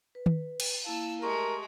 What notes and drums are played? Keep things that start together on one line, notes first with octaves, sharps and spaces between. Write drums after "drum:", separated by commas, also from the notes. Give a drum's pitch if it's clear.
B4
drum: tom D#3
drum: cymbal
A#3 E4 F5 A5 E6
G#3 A3 G4 A#4 C6 C#6